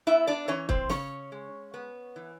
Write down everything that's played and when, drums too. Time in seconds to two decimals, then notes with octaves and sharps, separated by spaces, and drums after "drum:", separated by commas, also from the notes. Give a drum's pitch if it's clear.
0.07 B3 E4 E5
0.27 D4 D5
0.48 E3 C#4 C#5
0.69 C4 C5, drum: kick
0.89 C#3 C#4 C#5, drum: snare
1.32 G#3
1.74 B3
2.16 E3